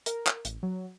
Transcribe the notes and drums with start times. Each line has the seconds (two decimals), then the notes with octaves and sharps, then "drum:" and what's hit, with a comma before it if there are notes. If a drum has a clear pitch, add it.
0.06 A#4, drum: hi-hat
0.27 drum: clap
0.45 A1, drum: hi-hat
0.63 F#3